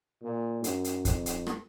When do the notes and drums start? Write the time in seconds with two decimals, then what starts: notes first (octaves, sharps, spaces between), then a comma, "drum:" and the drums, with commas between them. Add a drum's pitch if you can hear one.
0.22 A#2
0.64 F#2, drum: hi-hat
0.84 drum: hi-hat
1.05 F2, drum: kick, hi-hat
1.26 drum: hi-hat
1.47 drum: rim click